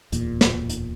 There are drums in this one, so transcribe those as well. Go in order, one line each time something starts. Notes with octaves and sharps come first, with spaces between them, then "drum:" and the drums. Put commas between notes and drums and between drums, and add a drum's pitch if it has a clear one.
D1 E2 A#2, drum: hi-hat
drum: snare
drum: hi-hat